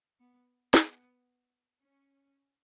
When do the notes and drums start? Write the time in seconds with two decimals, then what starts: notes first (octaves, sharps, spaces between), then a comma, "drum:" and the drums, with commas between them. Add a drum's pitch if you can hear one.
0.20 B3
0.74 B3, drum: snare
1.81 C#4